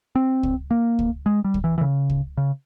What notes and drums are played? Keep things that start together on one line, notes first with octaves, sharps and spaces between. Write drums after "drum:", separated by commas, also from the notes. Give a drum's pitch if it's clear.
C4
drum: kick
A#3
drum: kick
G#3
G3
drum: kick
E3
E3
C#3
drum: kick
C#3